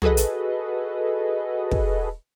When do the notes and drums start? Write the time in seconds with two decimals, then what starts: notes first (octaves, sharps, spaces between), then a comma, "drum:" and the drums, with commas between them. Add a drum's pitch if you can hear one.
0.02 F#4 G#4 A4 B4 D#5, drum: tom
0.17 drum: hi-hat
1.71 drum: kick